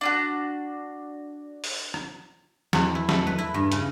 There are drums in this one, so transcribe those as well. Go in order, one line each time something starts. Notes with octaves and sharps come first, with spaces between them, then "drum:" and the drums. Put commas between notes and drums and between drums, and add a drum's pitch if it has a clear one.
D4 F4 F#4
drum: open hi-hat
drum: rim click
E2, drum: snare
E4
A3, drum: snare
B4, drum: tom F#3
E4
G2
C#3, drum: hi-hat